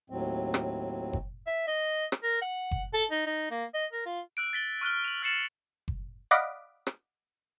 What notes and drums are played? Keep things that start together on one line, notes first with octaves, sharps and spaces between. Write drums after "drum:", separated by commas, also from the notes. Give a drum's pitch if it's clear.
D#2 A2 F#3 C4
drum: rim click
drum: kick F#1
E5
D#5
drum: rim click
A#4
F#5
drum: kick F#1
A4
D#4
D#4
A#3
D#5
A#4
F4
E6 F#6 D7
A6 B6 G7
C#6 F6 F#6 G7
F7 F#7
F6 A6 C7 C#7 E7 F#7
drum: kick F#1
D5 D#5 F5 F#5 B5 D6
drum: rim click